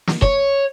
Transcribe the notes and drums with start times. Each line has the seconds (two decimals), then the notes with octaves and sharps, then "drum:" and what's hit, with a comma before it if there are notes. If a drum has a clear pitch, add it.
0.07 drum: snare
0.22 C#5, drum: kick